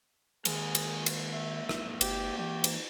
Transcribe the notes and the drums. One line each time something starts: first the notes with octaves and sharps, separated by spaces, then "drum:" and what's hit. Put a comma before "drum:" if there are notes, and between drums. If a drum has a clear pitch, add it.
D#3 G#3 A#3 G#4, drum: cymbal
drum: cymbal
drum: cymbal
E5
drum: rim click
F#1 G4, drum: cymbal
E3 G4
drum: cymbal